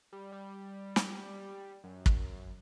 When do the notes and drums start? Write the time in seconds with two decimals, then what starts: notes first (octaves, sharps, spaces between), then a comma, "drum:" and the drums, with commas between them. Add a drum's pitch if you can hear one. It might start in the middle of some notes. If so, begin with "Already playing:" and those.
0.13 G3
0.32 G3
0.96 drum: snare
1.84 F#2
2.06 drum: kick